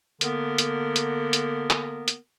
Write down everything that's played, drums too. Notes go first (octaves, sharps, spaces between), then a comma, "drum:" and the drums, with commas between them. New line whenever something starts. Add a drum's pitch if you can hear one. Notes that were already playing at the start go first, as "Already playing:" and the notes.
D3 A#3 B3 A#4, drum: hi-hat
drum: hi-hat
drum: hi-hat
drum: hi-hat
drum: clap
drum: hi-hat